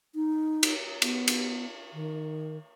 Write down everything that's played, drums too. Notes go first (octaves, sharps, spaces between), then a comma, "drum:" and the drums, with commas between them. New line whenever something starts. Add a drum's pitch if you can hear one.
D#4
drum: cymbal
B3, drum: cymbal
drum: cymbal
D#3